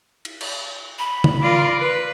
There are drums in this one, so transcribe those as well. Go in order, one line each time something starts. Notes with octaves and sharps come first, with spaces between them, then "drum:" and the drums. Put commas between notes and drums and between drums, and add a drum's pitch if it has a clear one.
drum: cymbal
drum: cymbal
B5
drum: tom
F4 A#4 D5
B4